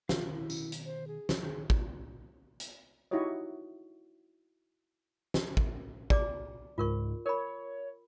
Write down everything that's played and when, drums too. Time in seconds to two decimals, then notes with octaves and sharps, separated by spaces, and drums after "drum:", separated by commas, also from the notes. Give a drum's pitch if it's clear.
0.09 B2 D#3 F4 F5, drum: snare
0.34 E4
0.50 drum: tambourine
0.72 drum: hi-hat
0.85 C5
1.07 G#4
1.29 drum: snare
1.43 D#3 G#4
1.70 drum: kick
2.60 drum: hi-hat
3.11 D#4 E4 F#4 G4 C#5 D#5
5.34 drum: snare
5.57 drum: kick
6.10 D5 D6, drum: kick
6.78 C#2 G#2 F4 A#4 C#6
7.26 A#4 C#5 B5